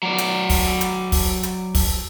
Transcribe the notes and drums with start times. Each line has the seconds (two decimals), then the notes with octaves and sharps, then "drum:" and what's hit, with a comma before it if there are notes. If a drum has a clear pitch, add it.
0.03 F#3 D5
0.18 drum: hi-hat
0.50 drum: kick, open hi-hat
0.81 drum: hi-hat
1.12 drum: kick, open hi-hat
1.43 drum: hi-hat
1.75 drum: kick, open hi-hat